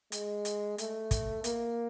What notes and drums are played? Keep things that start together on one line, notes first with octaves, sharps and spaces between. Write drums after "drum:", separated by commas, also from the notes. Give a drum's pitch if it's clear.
G#3, drum: hi-hat
drum: hi-hat
A3, drum: hi-hat
drum: kick, hi-hat
A#3, drum: hi-hat